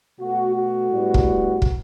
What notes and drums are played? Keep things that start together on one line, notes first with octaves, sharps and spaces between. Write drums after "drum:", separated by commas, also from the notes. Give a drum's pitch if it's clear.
B2 A3 F#4
F#4
A2 G3 B3
drum: kick
drum: kick